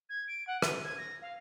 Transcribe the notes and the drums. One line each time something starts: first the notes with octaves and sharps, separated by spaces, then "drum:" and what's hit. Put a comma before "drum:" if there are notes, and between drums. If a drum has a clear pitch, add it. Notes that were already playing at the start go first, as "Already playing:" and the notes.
G#6
D7
F#5
D#7, drum: rim click
G#6
A#6
F5